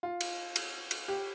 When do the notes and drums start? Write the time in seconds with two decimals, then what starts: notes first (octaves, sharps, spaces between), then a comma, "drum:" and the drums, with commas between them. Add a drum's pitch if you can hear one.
0.03 F4
0.21 drum: cymbal
0.56 drum: cymbal
0.91 drum: cymbal
1.08 G4